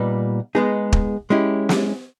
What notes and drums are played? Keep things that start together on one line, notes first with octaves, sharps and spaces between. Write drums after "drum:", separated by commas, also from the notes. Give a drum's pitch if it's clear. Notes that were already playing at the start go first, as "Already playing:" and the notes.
Already playing: A#2 G3 B3 D#4
G#3 B3 D#4 G#4
drum: kick
G#3 C#4 E4 G4
drum: snare